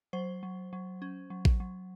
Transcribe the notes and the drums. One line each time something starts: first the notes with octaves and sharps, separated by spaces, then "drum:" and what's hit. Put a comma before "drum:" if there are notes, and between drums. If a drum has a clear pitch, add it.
F#3 C5
F#3
F#3
C#4
F#3
drum: kick A1
F#3